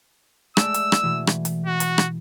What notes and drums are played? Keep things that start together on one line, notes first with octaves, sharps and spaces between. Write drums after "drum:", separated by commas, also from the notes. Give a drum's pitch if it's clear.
G#3 A3 D5 E6, drum: rim click
drum: hi-hat
drum: rim click
B2 E3
drum: rim click
drum: hi-hat
F#4
drum: hi-hat
drum: rim click